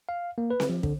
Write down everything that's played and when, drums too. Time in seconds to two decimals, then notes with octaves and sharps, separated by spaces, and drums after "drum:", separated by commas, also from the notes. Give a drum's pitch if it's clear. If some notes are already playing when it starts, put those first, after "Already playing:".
0.09 F5
0.38 A#3
0.50 B4
0.60 drum: snare C4
0.70 F3
0.83 D3, drum: kick